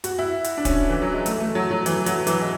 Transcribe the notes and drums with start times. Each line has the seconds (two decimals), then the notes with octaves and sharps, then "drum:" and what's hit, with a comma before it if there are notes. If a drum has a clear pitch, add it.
0.04 F#4, drum: hi-hat
0.19 E4
0.44 drum: hi-hat
0.58 D4
0.65 C#4, drum: kick, hi-hat
0.90 E3
1.02 F#3
1.13 G#3
1.26 A3, drum: hi-hat
1.40 A3
1.55 F#3
1.71 F#3
1.86 E3, drum: hi-hat
2.06 F#3, drum: hi-hat
2.27 E3, drum: hi-hat
2.41 G#3